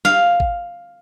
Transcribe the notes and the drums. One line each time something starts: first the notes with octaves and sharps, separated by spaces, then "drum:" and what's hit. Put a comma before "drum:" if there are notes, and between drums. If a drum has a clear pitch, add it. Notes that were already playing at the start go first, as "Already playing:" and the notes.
F5, drum: snare
drum: kick G#1